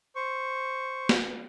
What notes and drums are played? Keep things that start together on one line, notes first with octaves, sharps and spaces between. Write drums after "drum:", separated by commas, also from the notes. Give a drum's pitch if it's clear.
C5 C#6
drum: snare